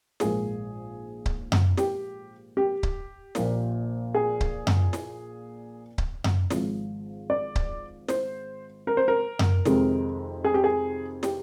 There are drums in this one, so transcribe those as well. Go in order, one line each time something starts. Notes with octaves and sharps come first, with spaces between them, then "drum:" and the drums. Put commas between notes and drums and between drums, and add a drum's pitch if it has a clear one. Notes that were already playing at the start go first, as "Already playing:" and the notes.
A#1 G#2 F3 A#3 G#4, drum: snare
drum: kick C#1
drum: tom F#2
G4, drum: snare
G4
drum: kick C#1
A#1 A#2 F3 A#3, drum: snare
G#4
drum: kick C#1
drum: tom F#2
drum: snare
drum: kick C#1
drum: tom F#2
G#1 G#2 F3, drum: snare
D5
drum: kick C#1
C5, drum: snare
A#4
C5
A#4
drum: tom F#2
F2 C3 D#3 G#3 C4, drum: snare
G#4
G4
G#4
G4, drum: snare